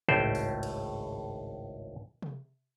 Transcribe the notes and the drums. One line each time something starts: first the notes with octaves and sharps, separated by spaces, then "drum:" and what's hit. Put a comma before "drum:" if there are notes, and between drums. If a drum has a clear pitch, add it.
G#1 C#2 A2 C5 D5, drum: tom A2
drum: open hi-hat
drum: cymbal
drum: tom C3